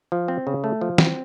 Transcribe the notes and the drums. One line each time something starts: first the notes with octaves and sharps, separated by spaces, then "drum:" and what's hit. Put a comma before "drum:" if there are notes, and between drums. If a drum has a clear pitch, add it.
F3
C4
C#3
A3
F3
C4, drum: snare